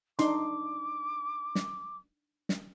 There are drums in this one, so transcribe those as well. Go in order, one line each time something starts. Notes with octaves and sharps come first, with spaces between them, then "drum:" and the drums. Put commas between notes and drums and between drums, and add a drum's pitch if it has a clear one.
D4 D#4 C6 D6, drum: hi-hat
drum: snare
drum: snare